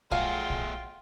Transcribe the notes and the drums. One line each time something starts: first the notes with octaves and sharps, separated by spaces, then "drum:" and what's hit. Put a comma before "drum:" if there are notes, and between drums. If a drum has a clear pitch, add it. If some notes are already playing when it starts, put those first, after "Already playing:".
F#3 A3 F4 G#4 F5 G5, drum: kick A#1
drum: kick A#1